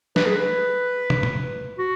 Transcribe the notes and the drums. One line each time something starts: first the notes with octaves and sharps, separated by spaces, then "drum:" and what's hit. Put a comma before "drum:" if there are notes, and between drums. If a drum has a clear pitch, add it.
B4, drum: snare
G#4
B4
drum: tom
drum: tom
F#4